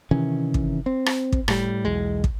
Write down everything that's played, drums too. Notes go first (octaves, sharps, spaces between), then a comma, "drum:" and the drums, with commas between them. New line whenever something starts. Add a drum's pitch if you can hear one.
C3 D#3 E3 C#4
drum: kick
C4
drum: rim click
drum: kick
A2 G3, drum: rim click
B1 E2 G#3
drum: kick